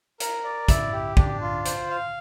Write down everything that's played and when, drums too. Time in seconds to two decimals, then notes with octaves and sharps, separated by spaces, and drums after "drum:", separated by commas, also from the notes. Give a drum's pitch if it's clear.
0.20 A#4, drum: hi-hat
0.44 D5
0.68 E4, drum: kick, hi-hat
0.93 G4
1.17 D4, drum: kick
1.41 F4
1.65 C5, drum: hi-hat
1.90 F5